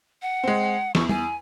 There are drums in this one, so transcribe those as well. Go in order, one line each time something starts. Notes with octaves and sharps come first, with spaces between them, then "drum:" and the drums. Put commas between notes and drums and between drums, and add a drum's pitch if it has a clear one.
F#5
G#3 C4
E2 C#6, drum: snare
G#5, drum: tom